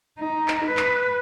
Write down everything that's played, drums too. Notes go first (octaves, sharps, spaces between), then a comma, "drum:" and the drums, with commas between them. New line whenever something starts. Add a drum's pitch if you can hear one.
D#4
drum: clap
B4
drum: clap